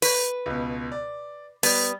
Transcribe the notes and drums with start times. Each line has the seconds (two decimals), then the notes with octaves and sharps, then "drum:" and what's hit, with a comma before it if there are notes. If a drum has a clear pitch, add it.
0.02 B4, drum: open hi-hat
0.46 C#2 B2
0.92 D5
1.63 G3 B3, drum: open hi-hat